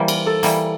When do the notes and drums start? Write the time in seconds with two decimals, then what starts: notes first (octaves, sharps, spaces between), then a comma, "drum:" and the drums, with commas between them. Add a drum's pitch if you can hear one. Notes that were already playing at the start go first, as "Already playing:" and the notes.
Already playing: E3 G3 A#3 C5
0.08 A#4, drum: cymbal
0.27 A4
0.43 E3 G3 A#3, drum: hi-hat